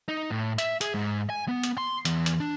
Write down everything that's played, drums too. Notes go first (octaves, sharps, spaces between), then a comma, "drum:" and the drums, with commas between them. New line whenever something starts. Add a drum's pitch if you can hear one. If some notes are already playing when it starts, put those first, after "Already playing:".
D#4
A2
E5, drum: hi-hat
G#4, drum: hi-hat
G#2
G#5
B3
drum: hi-hat
C6
E2, drum: hi-hat
drum: hi-hat
D4